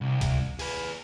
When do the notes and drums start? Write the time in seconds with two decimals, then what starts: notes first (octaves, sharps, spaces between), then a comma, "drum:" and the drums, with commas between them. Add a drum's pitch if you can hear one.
0.01 C2
0.21 drum: kick C2, hi-hat
0.59 G#4 B4, drum: open hi-hat